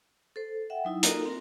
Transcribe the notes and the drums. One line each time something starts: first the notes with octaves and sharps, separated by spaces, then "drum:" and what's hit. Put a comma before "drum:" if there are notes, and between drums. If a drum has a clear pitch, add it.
A4 C5
E5 F#5 G5
F#3 D#4 E4
A#3 D#4 F4 F#4 A4 A#4, drum: hi-hat
C4 A#4